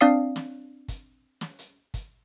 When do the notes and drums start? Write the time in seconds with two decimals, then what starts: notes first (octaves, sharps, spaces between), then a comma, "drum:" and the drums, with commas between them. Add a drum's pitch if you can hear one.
0.01 C4 D4 D5 F5 D#6 C7
0.36 drum: snare
0.88 drum: kick, hi-hat
1.41 drum: snare
1.59 drum: hi-hat
1.94 drum: kick, hi-hat